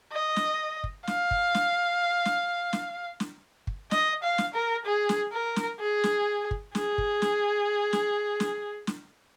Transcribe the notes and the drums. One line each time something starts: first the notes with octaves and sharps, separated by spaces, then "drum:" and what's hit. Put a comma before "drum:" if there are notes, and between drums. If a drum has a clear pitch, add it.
D#5
drum: snare
drum: kick
F5, drum: snare
drum: kick
drum: snare
drum: snare
drum: snare
drum: snare
drum: kick
D#5, drum: snare
F5
drum: snare
A#4
G#4
drum: snare
A#4
drum: snare
G#4
drum: snare
drum: kick
G#4, drum: snare
drum: kick
drum: snare
drum: snare
drum: snare
drum: snare